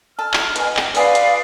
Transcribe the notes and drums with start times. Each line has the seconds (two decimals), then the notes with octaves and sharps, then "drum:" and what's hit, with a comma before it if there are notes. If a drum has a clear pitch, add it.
0.19 A4 F6
0.34 drum: clap
0.56 B2 G#5, drum: hi-hat
0.77 G5, drum: clap
0.95 B3 F4 G#4 B4 D5 F5, drum: open hi-hat
1.15 drum: hi-hat